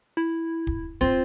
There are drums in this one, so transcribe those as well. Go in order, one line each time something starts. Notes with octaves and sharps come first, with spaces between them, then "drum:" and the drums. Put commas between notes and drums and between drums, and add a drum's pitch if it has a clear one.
E4
drum: kick
C4 F4, drum: kick